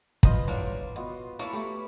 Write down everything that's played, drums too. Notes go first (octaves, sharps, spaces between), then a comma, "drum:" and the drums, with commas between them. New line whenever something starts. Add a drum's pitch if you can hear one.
F4 B4 C5 D#5, drum: kick
E2 G3 A#3 D4 C#5
B3 F4 F#4 D#5
A#3 E4 A4 C#5
A3 G4 E5 B5